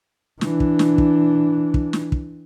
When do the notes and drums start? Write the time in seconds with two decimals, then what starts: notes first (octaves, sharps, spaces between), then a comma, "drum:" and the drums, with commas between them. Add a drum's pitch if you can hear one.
0.41 E3 D4, drum: snare
0.60 drum: kick
0.79 drum: snare
0.98 drum: kick
1.74 drum: kick
1.93 drum: snare
2.12 drum: kick